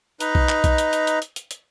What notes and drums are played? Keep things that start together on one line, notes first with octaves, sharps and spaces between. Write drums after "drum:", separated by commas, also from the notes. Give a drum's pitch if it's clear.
D#4 B4 D#5 A#5, drum: hi-hat
drum: kick
drum: clap
drum: kick, hi-hat
drum: hi-hat
drum: hi-hat
drum: hi-hat
drum: hi-hat
drum: hi-hat
drum: hi-hat